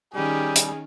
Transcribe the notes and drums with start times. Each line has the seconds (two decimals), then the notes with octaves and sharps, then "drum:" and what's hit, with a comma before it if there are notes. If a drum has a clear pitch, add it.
0.15 D#3 G3 C#4 G4 G#4
0.56 drum: hi-hat